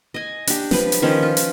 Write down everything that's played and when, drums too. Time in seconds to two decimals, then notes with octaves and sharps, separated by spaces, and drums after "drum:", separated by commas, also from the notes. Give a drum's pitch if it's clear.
0.14 D#5 G#5
0.47 D4 G4, drum: hi-hat
0.71 F3 B4, drum: snare
0.92 drum: hi-hat
1.02 D#3 F3 C#4
1.23 F4
1.37 drum: hi-hat